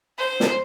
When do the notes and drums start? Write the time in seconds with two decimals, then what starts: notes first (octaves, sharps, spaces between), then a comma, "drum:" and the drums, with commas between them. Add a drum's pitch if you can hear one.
0.18 C5
0.40 drum: snare